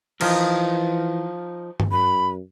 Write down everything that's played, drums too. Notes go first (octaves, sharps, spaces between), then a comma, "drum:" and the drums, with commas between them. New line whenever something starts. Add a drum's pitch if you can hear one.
E3 F3 D#4 A#4, drum: cymbal
drum: tom G2
F#2 B5